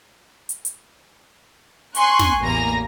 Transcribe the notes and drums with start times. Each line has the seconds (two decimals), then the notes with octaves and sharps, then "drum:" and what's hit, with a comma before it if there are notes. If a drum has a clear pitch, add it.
0.49 drum: hi-hat
0.65 drum: hi-hat
1.95 G#5 C6 C#6 F#6, drum: hi-hat
2.19 drum: snare
2.41 A1 E2 A#3 G#5 A#5 A#6